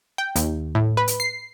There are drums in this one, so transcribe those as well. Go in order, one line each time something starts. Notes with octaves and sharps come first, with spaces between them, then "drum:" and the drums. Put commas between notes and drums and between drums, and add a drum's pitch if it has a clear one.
G5
D#2, drum: hi-hat
A2
B4
drum: hi-hat
C7